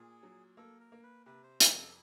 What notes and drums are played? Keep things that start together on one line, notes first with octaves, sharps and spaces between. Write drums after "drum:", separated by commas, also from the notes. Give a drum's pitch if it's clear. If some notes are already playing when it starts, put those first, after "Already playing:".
Already playing: A#2 G#4
F#3
A#3 A4
A#4
A#3
B4
C3 B4
C5
F2 B4, drum: hi-hat
A4